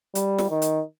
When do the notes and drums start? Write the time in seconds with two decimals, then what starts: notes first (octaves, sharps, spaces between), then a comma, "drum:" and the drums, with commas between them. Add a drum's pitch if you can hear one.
0.15 G3, drum: hi-hat
0.39 drum: snare
0.50 D#3
0.62 drum: hi-hat